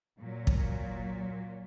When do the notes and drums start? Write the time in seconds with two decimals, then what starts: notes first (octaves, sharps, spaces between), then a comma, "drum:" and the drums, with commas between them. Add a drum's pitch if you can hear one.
0.18 A#2 F#3
0.47 drum: kick